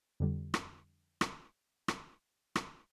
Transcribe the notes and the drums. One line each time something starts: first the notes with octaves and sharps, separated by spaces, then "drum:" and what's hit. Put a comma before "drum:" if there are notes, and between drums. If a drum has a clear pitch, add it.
F2 D3 G3
drum: rim click
drum: rim click
drum: rim click
drum: rim click